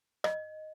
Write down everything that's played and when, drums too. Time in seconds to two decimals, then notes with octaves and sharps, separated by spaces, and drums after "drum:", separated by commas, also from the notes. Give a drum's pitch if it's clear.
0.24 D#5, drum: rim click